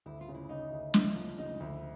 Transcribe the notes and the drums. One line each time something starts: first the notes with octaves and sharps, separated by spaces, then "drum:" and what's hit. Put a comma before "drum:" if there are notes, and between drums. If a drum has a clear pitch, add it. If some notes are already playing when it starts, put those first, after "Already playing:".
D2 E4
F4
C#3
E4
C#3 D#4
D2
D2, drum: snare
F3
C#3 D#4
D#4
D2 E4